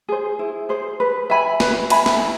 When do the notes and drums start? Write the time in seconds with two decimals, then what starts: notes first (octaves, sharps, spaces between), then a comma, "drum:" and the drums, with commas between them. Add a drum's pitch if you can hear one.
0.09 G#4 C5
0.39 E4
0.69 G#4 C5
1.00 B4
1.30 E5 G#5 B5
1.60 B4, drum: snare
1.90 E5 G#5 B5, drum: cymbal
2.06 drum: snare
2.21 E4